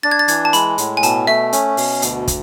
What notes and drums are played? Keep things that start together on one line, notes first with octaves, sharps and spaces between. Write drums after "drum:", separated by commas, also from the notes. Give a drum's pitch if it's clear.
D4 A6
G#6
A6
E3 G#6, drum: hi-hat
A5
G#3 B5, drum: hi-hat
A2, drum: hi-hat
G#5
B2 A5, drum: hi-hat
A3 E5, drum: snare
C#4, drum: hi-hat
B2, drum: open hi-hat
D2, drum: hi-hat
drum: kick, hi-hat